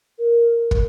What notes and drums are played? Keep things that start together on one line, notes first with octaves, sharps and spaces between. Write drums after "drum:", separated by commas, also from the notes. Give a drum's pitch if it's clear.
A#4
drum: kick